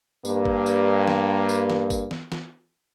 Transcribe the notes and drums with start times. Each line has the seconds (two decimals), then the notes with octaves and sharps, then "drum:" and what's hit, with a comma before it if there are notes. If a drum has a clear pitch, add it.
0.25 G2 A#3, drum: tambourine
0.45 drum: kick G#1
0.66 drum: tambourine
1.08 drum: snare
1.49 drum: tambourine
1.70 drum: snare
1.90 drum: kick G#1, tambourine
2.11 drum: snare
2.32 drum: snare